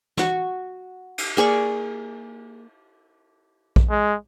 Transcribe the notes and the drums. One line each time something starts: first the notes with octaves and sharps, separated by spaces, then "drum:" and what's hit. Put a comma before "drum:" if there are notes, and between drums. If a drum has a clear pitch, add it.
F#4 C#6, drum: snare
drum: cymbal
A#3 G#4 D5 C#6
drum: kick A#1
G#3